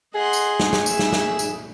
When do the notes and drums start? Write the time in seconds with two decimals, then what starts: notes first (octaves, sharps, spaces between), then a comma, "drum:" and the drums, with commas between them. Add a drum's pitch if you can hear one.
0.15 G#4 D#5 F#5 C6
0.33 drum: tambourine
0.60 drum: snare
0.73 drum: snare
0.86 E5 E6, drum: tambourine
0.99 drum: snare
1.13 drum: snare
1.39 drum: tambourine